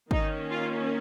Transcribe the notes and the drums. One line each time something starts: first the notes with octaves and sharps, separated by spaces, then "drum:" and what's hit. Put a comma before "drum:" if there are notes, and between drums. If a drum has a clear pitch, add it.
D#3 A#3 C#4 D#4, drum: kick
F4